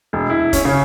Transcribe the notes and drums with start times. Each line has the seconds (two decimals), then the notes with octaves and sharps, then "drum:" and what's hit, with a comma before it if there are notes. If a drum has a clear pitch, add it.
0.13 E1
0.30 E4
0.53 C#4, drum: kick, hi-hat
0.65 C#3